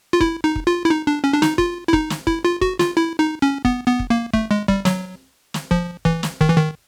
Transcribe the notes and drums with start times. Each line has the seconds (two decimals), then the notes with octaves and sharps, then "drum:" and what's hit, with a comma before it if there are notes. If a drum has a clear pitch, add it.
0.13 F4
0.21 E4, drum: kick
0.44 D#4
0.56 drum: kick
0.67 F4
0.85 E4
0.90 D#4
1.07 D4
1.24 C#4
1.34 D4
1.42 D#4, drum: snare
1.58 F4, drum: kick
1.88 E4
1.93 D#4, drum: kick
2.10 drum: snare
2.27 E4, drum: kick
2.45 F4
2.61 F#4, drum: kick
2.79 F4, drum: snare
2.97 E4
3.19 D#4
3.42 C#4
3.65 B3, drum: kick
3.87 B3
3.99 drum: kick
4.10 A#3
4.34 A3, drum: kick
4.51 G#3
4.68 G3, drum: kick
4.85 F#3, drum: snare
5.54 drum: snare
5.71 F3, drum: kick
6.05 E3, drum: kick
6.23 drum: snare
6.41 D#3, drum: kick
6.49 E3
6.58 D#3